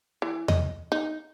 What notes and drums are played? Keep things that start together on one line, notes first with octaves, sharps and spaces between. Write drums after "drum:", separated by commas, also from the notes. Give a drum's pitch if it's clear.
E3
D#5, drum: tom E2
D#4